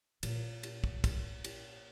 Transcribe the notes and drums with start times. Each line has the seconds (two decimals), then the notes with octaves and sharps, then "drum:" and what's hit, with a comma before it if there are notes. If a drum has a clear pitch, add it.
0.23 A#2 A#3, drum: cymbal
0.63 drum: cymbal
0.84 drum: kick
1.04 drum: kick, cymbal
1.44 drum: cymbal